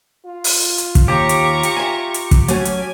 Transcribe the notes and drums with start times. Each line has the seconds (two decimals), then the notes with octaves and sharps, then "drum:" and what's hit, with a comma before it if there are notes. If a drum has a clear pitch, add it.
0.26 F4
0.44 drum: open hi-hat
0.78 drum: hi-hat
0.95 drum: kick, hi-hat
1.08 D#2 G4 A#5 C#6
1.29 drum: hi-hat
1.63 drum: hi-hat
1.77 E5 G#5
2.14 drum: hi-hat
2.31 drum: kick, hi-hat
2.48 F#3 A3 C#4 G#5, drum: hi-hat
2.65 drum: hi-hat